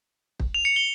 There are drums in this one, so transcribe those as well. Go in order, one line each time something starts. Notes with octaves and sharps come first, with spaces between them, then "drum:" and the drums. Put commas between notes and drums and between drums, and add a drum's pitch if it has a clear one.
drum: kick
F7
C#7
G7